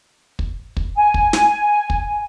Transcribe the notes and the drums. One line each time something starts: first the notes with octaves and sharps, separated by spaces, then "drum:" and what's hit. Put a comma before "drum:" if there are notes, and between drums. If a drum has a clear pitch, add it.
drum: kick
drum: kick
G#5
drum: kick
drum: snare
drum: kick